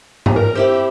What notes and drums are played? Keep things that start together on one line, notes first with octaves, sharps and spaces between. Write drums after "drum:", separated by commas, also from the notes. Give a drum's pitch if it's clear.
drum: tom G#2
A#4
C4 E4 G4 C5